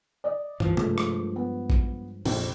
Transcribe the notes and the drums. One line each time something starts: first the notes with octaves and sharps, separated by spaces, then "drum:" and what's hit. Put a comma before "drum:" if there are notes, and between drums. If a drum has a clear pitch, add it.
D5 D#5
C2 E3 F3, drum: tom
G2 F3 G#3 A3, drum: tom C3
drum: rim click
B3
drum: kick A#1
A#1 F2 C3, drum: cymbal